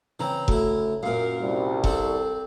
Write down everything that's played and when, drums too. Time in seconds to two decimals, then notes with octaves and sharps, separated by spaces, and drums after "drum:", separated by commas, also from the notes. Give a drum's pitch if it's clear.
0.20 C#3 E3 C4 A#5
0.48 D2 E4, drum: kick F1
1.03 F#2 A#2 A#4 F5
1.38 C2
1.84 C4 D4 A4, drum: kick F1